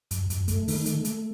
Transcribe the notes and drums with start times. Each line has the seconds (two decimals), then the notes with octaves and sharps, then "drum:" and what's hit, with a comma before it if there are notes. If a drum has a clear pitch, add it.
0.11 F#2, drum: hi-hat
0.30 F#2, drum: hi-hat
0.48 A3, drum: kick, hi-hat
0.68 D#3, drum: open hi-hat
0.86 A3, drum: hi-hat
1.05 A3, drum: hi-hat